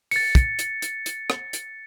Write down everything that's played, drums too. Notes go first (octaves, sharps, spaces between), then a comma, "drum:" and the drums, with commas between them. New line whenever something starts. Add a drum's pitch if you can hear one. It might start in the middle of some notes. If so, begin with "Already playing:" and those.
A6 C#7, drum: open hi-hat
drum: kick, hi-hat
drum: hi-hat
drum: hi-hat
drum: hi-hat
drum: rim click
drum: hi-hat